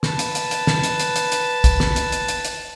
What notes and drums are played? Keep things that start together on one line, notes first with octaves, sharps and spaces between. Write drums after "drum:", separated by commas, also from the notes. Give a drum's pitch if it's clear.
B4 A5, drum: snare
drum: hi-hat
drum: hi-hat
drum: hi-hat
drum: snare
drum: hi-hat
drum: hi-hat
drum: hi-hat
drum: hi-hat
drum: kick, hi-hat
drum: snare
drum: hi-hat
drum: hi-hat
drum: hi-hat
drum: hi-hat